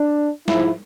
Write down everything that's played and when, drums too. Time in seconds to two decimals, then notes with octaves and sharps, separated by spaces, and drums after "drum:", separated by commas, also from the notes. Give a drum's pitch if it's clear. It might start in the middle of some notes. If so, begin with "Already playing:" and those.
Already playing: D4
0.48 G#2 F3 E4, drum: snare